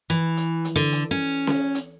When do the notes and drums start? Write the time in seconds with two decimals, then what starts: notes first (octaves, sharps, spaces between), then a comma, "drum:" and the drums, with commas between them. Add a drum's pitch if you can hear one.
0.10 E3, drum: hi-hat
0.37 drum: hi-hat
0.65 drum: hi-hat
0.76 D3
0.92 drum: hi-hat
1.11 C#4
1.47 drum: snare C#4
1.75 drum: hi-hat